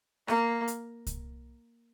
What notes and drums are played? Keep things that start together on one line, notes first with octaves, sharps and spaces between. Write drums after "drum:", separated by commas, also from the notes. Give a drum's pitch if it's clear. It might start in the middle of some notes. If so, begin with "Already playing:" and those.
A#3, drum: rim click
drum: hi-hat
drum: kick C2, hi-hat